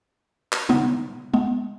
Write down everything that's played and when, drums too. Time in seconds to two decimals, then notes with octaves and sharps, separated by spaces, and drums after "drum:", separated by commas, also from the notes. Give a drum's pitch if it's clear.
0.53 drum: clap
0.69 B3 D#4, drum: tom
1.34 G#3 B3